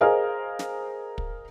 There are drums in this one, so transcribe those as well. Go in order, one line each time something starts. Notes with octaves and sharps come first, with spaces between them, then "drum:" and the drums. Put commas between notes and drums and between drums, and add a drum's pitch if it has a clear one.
G#4 A#4 C5 D#5 F5 G#5
drum: snare
drum: kick